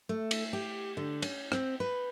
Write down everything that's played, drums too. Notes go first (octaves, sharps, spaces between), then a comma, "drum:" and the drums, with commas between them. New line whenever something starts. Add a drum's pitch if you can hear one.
A3
drum: cymbal
G4
D3
C#4, drum: cymbal
C4, drum: rim click
B4